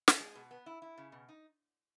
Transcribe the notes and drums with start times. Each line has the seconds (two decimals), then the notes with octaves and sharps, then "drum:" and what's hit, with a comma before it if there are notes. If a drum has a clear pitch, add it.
0.08 drum: snare
0.20 G#3
0.35 B2
0.51 B3
0.66 E4
0.82 E4
0.98 C#3
1.12 B2
1.29 D#4